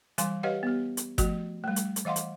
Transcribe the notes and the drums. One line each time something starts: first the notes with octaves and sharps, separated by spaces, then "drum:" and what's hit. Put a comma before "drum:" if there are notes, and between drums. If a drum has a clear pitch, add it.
E3 G3 F5 G#5 C6, drum: hi-hat
G4 B4 C#5 D#5 F5 F#5
B3 G4
drum: hi-hat
F3 A3 F#4, drum: kick G1, hi-hat
G3 A3
drum: hi-hat
drum: hi-hat
E3 D#5 F5 F#5 C6
drum: hi-hat